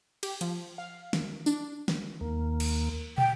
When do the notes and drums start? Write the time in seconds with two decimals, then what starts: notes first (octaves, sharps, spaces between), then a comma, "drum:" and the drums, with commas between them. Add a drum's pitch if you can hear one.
0.23 G4, drum: cymbal
0.41 F3, drum: hi-hat
0.78 F5
1.13 drum: snare
1.46 D4, drum: tambourine
1.88 drum: snare
2.21 D#2 A#3
2.60 drum: cymbal
3.18 G5, drum: tom